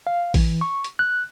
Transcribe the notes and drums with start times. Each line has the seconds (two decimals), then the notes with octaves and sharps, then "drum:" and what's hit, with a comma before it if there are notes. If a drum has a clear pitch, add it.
0.07 F5
0.34 E3, drum: kick, open hi-hat
0.61 C#6
0.84 drum: hi-hat
0.99 F#6